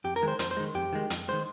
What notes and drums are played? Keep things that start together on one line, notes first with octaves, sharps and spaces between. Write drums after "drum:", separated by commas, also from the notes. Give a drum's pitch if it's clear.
F2 G4
A#4
D#3 G#3
C5
F2 C5, drum: hi-hat
C5
D#3 G#3
F2 G4
D#3 G#3
F2, drum: hi-hat
D#3 G#3 C5